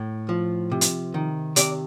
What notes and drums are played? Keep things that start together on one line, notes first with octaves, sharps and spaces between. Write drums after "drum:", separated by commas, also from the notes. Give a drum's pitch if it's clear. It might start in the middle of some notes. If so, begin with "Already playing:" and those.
Already playing: A2
F3
C3
drum: hi-hat
D#3
C3 D5, drum: hi-hat